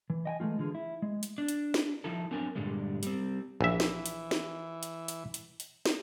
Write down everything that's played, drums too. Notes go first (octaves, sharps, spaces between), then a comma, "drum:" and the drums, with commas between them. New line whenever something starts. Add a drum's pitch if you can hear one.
E3
D#5 G5 G#5
E3 G#3 A3 F4
D3 E3 F4 G#4
E4
G#3
drum: hi-hat
D4
drum: hi-hat
drum: snare
F3 D#4 E4 A4
F#3 C4 D4 A#4 G#5
G2 A#2 D3 G3 G#3
G3 C4, drum: hi-hat
A#1 E3 E5
drum: snare
drum: hi-hat
drum: snare
drum: hi-hat
drum: hi-hat
drum: hi-hat
drum: hi-hat
drum: snare